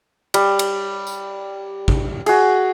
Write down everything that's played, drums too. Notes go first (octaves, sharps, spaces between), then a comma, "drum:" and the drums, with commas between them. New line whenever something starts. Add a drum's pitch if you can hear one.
G3, drum: cymbal
drum: cymbal
drum: tambourine
drum: kick
F#4 G#4, drum: cymbal